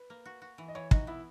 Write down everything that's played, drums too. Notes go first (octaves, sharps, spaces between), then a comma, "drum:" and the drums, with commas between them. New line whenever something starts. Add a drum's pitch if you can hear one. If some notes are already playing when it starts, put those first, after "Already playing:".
Already playing: B4
A#3
F#4
F#4
E3
D#5
E3 C#5
D#4 F#4, drum: kick
B3 E4